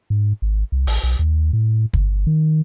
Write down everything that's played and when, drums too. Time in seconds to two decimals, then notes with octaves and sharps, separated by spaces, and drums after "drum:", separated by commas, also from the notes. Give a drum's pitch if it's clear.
0.10 G#2
0.42 G#1
0.72 C2
0.87 A1, drum: open hi-hat
1.03 B1
1.19 D#2
1.53 A2
1.93 G1, drum: kick
2.27 D#3